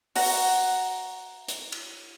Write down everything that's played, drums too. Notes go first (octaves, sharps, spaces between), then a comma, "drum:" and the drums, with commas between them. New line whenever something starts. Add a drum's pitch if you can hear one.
F#4 F#5 A#5, drum: open hi-hat
drum: hi-hat
drum: cymbal